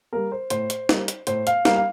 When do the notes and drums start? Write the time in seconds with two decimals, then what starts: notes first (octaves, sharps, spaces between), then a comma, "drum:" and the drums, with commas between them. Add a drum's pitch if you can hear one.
0.13 G3 A#3 A#4
0.32 C5
0.50 A2 C5, drum: hi-hat
0.70 drum: hi-hat
0.89 G3 A#3, drum: snare
1.08 drum: hi-hat
1.27 A2 C5, drum: hi-hat
1.47 F5, drum: hi-hat
1.65 G3 A#3 F5, drum: snare
1.76 F5